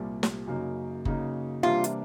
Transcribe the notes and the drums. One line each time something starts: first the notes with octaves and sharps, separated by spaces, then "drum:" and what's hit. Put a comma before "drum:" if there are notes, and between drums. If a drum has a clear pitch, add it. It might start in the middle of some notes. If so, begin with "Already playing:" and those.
Already playing: C2 A#2 G3
drum: snare
F#2 C#3 F#3 A#3 D#4
F#2 C#3 F#3 A#3 D#4, drum: kick F#1
C3 E3 G3 A#3 D4 F4
drum: hi-hat